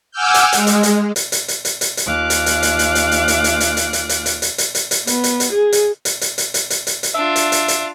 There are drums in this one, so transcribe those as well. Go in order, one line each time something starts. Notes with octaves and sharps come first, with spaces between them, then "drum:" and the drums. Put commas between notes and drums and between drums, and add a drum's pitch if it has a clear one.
F#5 G#5 D6 E6 F6 G6
drum: hi-hat
G#3, drum: hi-hat
drum: hi-hat
drum: hi-hat
drum: hi-hat
drum: hi-hat
drum: hi-hat
drum: hi-hat
drum: hi-hat
drum: hi-hat
D#2 F4 F5 D6 F#6
drum: hi-hat
drum: hi-hat
drum: hi-hat
drum: hi-hat
drum: hi-hat
drum: hi-hat
drum: hi-hat
drum: hi-hat
drum: hi-hat
drum: hi-hat
drum: hi-hat
drum: hi-hat
drum: hi-hat
drum: hi-hat
drum: hi-hat
drum: hi-hat
drum: hi-hat
B3, drum: hi-hat
drum: hi-hat
drum: hi-hat
G#4
drum: hi-hat
drum: hi-hat
drum: hi-hat
drum: hi-hat
drum: hi-hat
drum: hi-hat
drum: hi-hat
drum: hi-hat
D4 F4 E5
drum: hi-hat
drum: hi-hat
drum: hi-hat